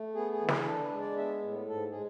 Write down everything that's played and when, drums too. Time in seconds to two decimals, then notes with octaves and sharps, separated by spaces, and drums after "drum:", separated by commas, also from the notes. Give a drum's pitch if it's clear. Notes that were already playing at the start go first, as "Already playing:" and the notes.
Already playing: A3
0.15 B3 G#4
0.32 G#4
0.41 E3
0.48 G#4, drum: snare
0.66 D4 A4
0.84 B4
0.91 G#3
1.00 D5
1.17 B3 E5
1.42 A2
1.68 G#2 A4
1.91 G#3 G#4